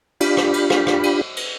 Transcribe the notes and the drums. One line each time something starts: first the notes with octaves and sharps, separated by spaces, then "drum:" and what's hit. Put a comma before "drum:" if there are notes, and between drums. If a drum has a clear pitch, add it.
D4 F4 G4 B5, drum: cymbal
drum: rim click
drum: cymbal
drum: rim click
drum: rim click
drum: cymbal
drum: cymbal